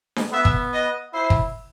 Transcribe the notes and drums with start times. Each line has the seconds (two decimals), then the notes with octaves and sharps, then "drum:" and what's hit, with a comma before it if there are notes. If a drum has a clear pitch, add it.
0.16 drum: snare D4
0.33 B3 E5
0.45 drum: kick
0.73 D#5
1.13 E4 C5
1.30 drum: kick